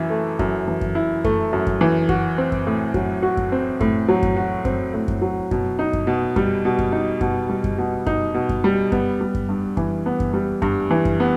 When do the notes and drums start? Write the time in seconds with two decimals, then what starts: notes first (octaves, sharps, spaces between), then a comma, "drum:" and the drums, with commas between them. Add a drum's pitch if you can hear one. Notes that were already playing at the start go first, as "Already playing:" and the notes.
Already playing: F#2 E3 E4
0.10 A3
0.39 F#2, drum: kick F#2
0.68 E3
0.81 drum: kick F#2
0.95 E4
1.24 A3, drum: kick F#2
1.53 F#2
1.67 drum: kick F#2
1.81 E3
2.09 F#4, drum: kick F#2
2.38 C4
2.52 drum: kick F#2
2.67 A2
2.94 F#3, drum: kick F#2
3.22 F#4
3.37 drum: kick F#2
3.52 C4
3.80 A2, drum: kick F#2
4.08 F#3
4.23 drum: kick F#2
4.37 F#4
4.65 C4, drum: kick F#2
4.94 A2
5.08 drum: kick F#2
5.22 F#3
5.51 B2, drum: kick F#2
5.79 D#4
5.93 drum: kick F#2
6.07 B2
6.36 G3, drum: kick F#2
6.65 B2
6.79 drum: kick F#2
6.92 D#4
7.21 B2, drum: kick F#2
7.49 G3
7.64 drum: kick F#2
7.78 B2
8.06 D#4, drum: kick F#2
8.34 B2
8.49 drum: kick F#2
8.64 G3
8.92 B3, drum: kick F#2
9.21 G3
9.35 drum: kick F#2
9.49 G2
9.77 E3, drum: kick F#2
10.06 B3
10.20 drum: kick F#2
10.34 G3
10.62 G2, drum: kick F#2
10.91 E3
11.05 drum: kick F#2
11.20 B3